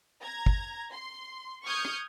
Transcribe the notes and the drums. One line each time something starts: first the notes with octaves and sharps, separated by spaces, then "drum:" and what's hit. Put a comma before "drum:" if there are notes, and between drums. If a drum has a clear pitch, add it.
A#5 G#6
drum: kick
C6
C#6 D#6 F6 G6 G#6 C#7
drum: rim click